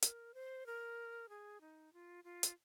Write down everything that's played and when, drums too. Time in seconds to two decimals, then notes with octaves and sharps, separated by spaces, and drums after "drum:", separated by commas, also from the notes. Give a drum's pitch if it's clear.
0.02 A#4, drum: hi-hat
0.34 C5
0.66 A#4
1.29 G#4
1.61 D#4
1.93 F4
2.24 F4
2.43 drum: hi-hat